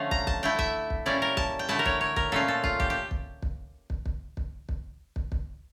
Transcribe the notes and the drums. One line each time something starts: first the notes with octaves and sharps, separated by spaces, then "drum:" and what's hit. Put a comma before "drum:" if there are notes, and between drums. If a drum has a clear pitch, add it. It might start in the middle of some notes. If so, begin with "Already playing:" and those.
Already playing: D3 F3 A3 C#4 F5
A#5, drum: kick
A5, drum: kick
D3 A3 E4 G5
E5, drum: kick
drum: kick
A#2 G3 C#4 E4 D5
A#4
A5, drum: kick
G5
D3 A3 E4 A5
A#4
C#5, drum: kick
C#5
A#4, drum: kick
A#2 A3 C#4 F4 A4
A4
F4, drum: kick
G4, drum: kick
G4
drum: kick
drum: kick
drum: kick
drum: kick
drum: kick
drum: kick
drum: kick
drum: kick